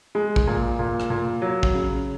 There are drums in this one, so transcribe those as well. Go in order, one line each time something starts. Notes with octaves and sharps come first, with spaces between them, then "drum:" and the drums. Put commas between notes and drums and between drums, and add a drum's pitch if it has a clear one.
G#3
drum: kick
A#2
A#2
drum: rim click
A#2
F#3
drum: kick
C#3